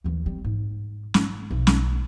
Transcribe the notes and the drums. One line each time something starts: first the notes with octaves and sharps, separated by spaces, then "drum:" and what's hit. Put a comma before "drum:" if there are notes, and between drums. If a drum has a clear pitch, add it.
D#2 E3
G3 C4
G#2
G#2, drum: snare
B1
drum: snare